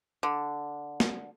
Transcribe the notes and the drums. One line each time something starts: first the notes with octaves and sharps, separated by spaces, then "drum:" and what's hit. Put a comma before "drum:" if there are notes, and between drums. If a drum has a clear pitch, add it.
D3
drum: snare